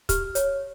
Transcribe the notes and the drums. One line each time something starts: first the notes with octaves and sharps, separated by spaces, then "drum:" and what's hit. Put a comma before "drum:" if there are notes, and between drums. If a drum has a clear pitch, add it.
G4 F6, drum: kick, hi-hat
C#5, drum: hi-hat